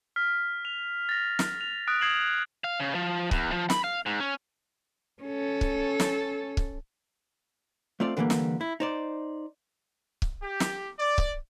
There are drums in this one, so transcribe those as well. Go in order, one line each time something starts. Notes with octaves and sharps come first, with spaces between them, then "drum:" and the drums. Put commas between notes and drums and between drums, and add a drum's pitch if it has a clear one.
F6 B6
F7
A6 A#6
drum: snare
F7
D#6 F#6 A6 D7
D#6 G#6 C7 E7 F#7
F5
C#3
F3
E2, drum: kick C#1
F3
B5, drum: snare
F5
G#2
C#4
C#4 A4
drum: kick C#1
drum: snare
drum: kick C#1
A3 C4 F4 D5
D3 E3 G3 G#3 A#3
drum: snare
E4
D#4 C5 D5
drum: kick C#1
G4
drum: snare
D5
drum: kick C#1